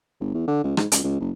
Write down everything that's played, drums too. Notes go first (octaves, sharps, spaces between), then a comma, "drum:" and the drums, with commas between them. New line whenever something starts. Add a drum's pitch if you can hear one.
G1
E2
D3
C#2
G#2, drum: rim click
C#2, drum: hi-hat
C#2
F#1